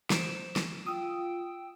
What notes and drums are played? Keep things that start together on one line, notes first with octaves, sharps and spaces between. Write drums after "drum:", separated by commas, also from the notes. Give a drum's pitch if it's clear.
C5 D7 E7, drum: snare
drum: snare
F4 G5 D#6 E6